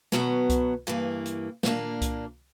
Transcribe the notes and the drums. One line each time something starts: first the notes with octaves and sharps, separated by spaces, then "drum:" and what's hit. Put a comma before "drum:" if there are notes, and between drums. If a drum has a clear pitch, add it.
B2 F#3 B3, drum: snare
drum: kick C2, hi-hat
G2 E3 A#3
drum: hi-hat
A#2 A#3 D4, drum: snare
drum: kick C2, hi-hat